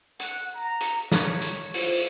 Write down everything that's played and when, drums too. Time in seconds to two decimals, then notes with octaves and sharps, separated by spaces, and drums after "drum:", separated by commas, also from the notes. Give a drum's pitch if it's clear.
0.19 F#5, drum: hi-hat
0.55 A#5
0.80 drum: hi-hat
1.12 C#5, drum: snare
1.41 drum: hi-hat
1.74 F4 C5, drum: open hi-hat